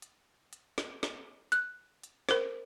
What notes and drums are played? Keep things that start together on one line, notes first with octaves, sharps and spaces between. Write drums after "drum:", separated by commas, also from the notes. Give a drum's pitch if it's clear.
drum: hi-hat
drum: hi-hat
drum: snare
drum: snare
F#6, drum: hi-hat
drum: hi-hat
A#4 C5, drum: snare